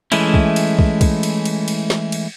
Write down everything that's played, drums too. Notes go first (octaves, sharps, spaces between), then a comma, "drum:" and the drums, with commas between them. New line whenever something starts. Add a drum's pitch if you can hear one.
E3 G#3 A3 C#4 E4, drum: cymbal
drum: kick
drum: cymbal
drum: kick
drum: kick, cymbal
drum: cymbal
drum: cymbal
drum: cymbal
drum: snare
drum: cymbal